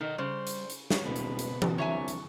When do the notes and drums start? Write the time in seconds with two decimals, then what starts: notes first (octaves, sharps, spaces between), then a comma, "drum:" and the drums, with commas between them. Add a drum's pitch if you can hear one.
0.01 D#3 D#4 A4 D#5
0.18 C#3 G3 C5 D5
0.47 drum: hi-hat
0.70 drum: hi-hat
0.90 G4 C#5, drum: snare
1.06 D#1 B2 B3 C4 B4
1.16 drum: hi-hat
1.39 drum: hi-hat
1.62 drum: tom E3
1.78 C2 D3 G4 C#5 E5 G#5 A#5 C#6
2.08 drum: hi-hat